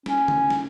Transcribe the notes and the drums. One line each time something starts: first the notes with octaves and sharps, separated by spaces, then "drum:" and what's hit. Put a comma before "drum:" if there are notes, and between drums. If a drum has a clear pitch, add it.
C#4, drum: snare
drum: tom C#3
drum: snare